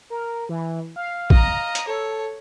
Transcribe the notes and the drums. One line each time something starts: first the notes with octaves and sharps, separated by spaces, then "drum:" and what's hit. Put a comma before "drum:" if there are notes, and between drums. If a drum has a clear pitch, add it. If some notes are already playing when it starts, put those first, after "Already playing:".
A#4
E3
F5
D#5 A#5, drum: kick
drum: hi-hat
A4 C#5